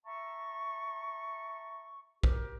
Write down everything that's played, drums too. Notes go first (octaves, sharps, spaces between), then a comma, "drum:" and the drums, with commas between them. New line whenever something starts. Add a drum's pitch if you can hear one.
E5 A5 A#5 C#6
G4 A#4, drum: kick A#1